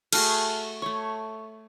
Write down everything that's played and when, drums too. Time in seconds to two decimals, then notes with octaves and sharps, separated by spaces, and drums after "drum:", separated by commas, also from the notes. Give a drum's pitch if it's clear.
0.13 A3 F#4 G#4 A5 F6, drum: cymbal
0.82 A3 C#5 C#6